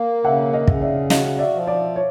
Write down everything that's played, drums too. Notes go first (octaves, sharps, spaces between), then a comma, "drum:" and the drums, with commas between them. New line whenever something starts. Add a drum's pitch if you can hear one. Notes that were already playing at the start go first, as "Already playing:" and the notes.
Already playing: A#3
C#3 E5 F#5
D#5 F5
C#3, drum: kick
D5 E5
F#4 D#5 F5, drum: snare
D5 E5
F3
C5 D5
C#5